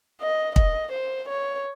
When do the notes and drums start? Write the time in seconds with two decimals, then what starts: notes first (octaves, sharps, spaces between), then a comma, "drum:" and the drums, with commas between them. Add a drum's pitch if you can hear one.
0.21 D#5
0.56 D#5, drum: kick
0.92 C5
1.28 C#5